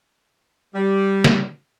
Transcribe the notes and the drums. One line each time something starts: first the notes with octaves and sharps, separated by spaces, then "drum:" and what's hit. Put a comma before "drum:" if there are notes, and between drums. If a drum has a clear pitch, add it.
G3
drum: snare